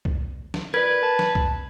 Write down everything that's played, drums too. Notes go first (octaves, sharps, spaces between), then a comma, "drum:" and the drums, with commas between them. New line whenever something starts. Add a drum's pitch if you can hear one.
drum: kick C2
drum: snare
A#4 B4 D5 G#6
A5
drum: snare
drum: kick C2